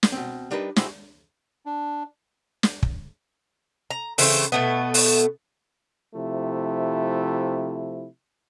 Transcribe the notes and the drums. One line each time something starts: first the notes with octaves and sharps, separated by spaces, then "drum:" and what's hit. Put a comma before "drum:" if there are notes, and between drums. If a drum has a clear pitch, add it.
drum: snare
B2 C4
G3 D4 D#4 A#4 B4
G#3 E4 F#4 G4 C5 E5, drum: snare
D4
drum: snare
drum: kick
A#5
C#3 E3 A3 C4, drum: open hi-hat
B2 A3 B3
drum: open hi-hat
C3 F3 A3 E4